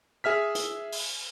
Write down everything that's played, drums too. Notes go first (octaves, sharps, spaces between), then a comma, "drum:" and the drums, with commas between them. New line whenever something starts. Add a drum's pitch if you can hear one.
G#4 E5 F6 B6
drum: hi-hat
drum: open hi-hat